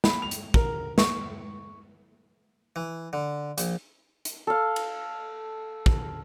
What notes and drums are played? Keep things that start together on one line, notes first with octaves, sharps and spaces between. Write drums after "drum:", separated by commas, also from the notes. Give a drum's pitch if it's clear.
B5, drum: snare
F7
drum: hi-hat
A#4, drum: kick
C#6, drum: snare
E3
D3
A#1, drum: hi-hat
drum: hi-hat
A4 F5
drum: cymbal
drum: kick